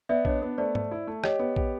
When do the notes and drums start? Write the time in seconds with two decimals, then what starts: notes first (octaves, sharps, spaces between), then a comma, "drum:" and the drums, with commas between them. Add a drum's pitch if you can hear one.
0.09 B3 D5 E5
0.25 D4 C#5 D#5, drum: kick A#1
0.42 B3
0.58 A3 C5 D5
0.75 A3, drum: tom G#2
0.91 E4
1.07 A3
1.24 G4 C#5 D#5, drum: rim click
1.39 B3
1.56 G4, drum: kick A#1